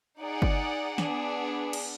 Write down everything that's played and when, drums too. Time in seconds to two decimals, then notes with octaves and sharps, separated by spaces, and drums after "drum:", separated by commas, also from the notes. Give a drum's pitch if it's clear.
0.21 D#4 G#4 D5 F#5
0.42 drum: kick G1
0.98 B3 D4 G#4, drum: snare
1.73 drum: cymbal